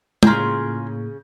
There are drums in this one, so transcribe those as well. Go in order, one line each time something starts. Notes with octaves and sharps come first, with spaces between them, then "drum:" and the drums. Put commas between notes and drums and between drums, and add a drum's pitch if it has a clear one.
A2 C#3 A#3 F4 G#4 A#5 C6 G6, drum: tom G#3